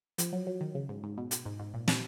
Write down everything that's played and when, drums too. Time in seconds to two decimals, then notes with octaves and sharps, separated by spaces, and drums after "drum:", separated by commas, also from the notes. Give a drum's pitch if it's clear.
0.18 F3, drum: hi-hat
0.33 F#3
0.47 F#3
0.61 D#3
0.75 C#3
0.89 G#2
1.04 G#2
1.17 B2
1.31 B2, drum: hi-hat
1.45 G#2
1.60 G#2
1.74 A#2
1.88 A#2, drum: snare